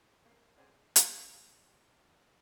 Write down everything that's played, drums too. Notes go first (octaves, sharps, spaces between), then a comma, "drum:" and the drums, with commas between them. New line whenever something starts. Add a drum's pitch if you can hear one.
A#3
C3 G#4 C5 D5 G#5
C4, drum: hi-hat